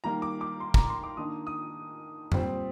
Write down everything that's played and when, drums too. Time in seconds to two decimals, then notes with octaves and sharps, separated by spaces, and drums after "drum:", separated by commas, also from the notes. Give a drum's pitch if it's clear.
0.04 D#3 G3 A#3 A#5
0.22 D6
0.41 D6
0.60 C6
0.74 A#5, drum: kick
0.90 C6
1.04 D6
1.17 D#3 A#3 D4 D#6
1.47 D#6
2.32 A#2 G3 C4, drum: tom F2